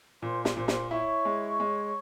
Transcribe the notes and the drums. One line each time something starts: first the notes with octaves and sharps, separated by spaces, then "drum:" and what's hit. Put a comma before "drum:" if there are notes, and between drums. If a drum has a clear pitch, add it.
A#2 C5 C6
C5 C6, drum: snare
A#2
C5 C6, drum: snare
E4 C#5 C#6
G#3
G#3